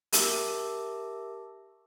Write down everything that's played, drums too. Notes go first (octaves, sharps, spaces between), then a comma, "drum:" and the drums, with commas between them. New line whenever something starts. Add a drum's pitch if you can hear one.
G4 A#4 E5 A5 D6 E6, drum: hi-hat